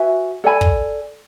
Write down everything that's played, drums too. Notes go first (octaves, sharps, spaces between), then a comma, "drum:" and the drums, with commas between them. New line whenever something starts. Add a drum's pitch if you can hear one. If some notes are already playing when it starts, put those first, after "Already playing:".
Already playing: F#4 B4 E5 G#5
A4 D5 G#5 B5
drum: kick